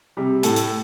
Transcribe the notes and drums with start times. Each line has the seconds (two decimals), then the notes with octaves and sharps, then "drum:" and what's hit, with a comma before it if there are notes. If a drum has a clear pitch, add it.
0.17 C3 G3
0.43 A2 A4, drum: hi-hat
0.56 drum: hi-hat